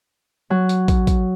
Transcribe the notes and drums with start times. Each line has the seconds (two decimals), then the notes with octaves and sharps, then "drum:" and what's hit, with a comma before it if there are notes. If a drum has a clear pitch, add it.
0.50 F#3
0.69 drum: hi-hat
0.88 drum: kick, hi-hat
1.07 drum: kick, hi-hat